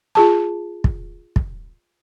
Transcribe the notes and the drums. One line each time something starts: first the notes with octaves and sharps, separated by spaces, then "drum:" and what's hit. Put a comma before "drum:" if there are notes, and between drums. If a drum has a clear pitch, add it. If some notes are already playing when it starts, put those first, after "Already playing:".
F4 G#4 A5
drum: kick
drum: kick